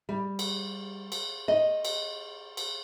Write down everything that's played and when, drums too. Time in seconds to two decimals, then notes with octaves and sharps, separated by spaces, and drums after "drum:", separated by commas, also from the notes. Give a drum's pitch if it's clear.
0.09 G3
0.39 drum: cymbal
1.12 drum: cymbal
1.48 D#5
1.85 drum: cymbal
2.57 drum: cymbal